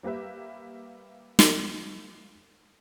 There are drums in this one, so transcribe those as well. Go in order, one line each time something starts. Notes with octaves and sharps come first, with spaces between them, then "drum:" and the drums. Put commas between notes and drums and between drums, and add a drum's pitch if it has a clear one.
G3 A#3 G4 B4 E5
drum: snare